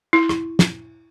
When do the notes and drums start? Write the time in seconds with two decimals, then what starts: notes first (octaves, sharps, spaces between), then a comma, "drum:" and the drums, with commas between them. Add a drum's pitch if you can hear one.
0.13 E4
0.29 drum: rim click
0.59 drum: snare